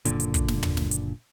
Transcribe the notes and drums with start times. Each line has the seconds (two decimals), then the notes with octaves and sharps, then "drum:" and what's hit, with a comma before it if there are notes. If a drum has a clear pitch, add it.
0.05 F#1 A#2 D3, drum: hi-hat
0.20 drum: hi-hat
0.34 drum: kick, hi-hat
0.48 drum: snare
0.63 drum: tom
0.77 drum: snare
0.91 drum: hi-hat